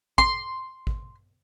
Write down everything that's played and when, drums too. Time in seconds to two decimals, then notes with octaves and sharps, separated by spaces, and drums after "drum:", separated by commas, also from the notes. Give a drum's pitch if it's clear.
0.18 C6, drum: kick G#1
0.87 drum: kick G#1